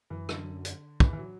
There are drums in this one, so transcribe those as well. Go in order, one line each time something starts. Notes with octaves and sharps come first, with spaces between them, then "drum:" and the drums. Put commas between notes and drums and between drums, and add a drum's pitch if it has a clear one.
F#2 E3
D3, drum: rim click
drum: hi-hat
E2 E3, drum: kick
E3
F#3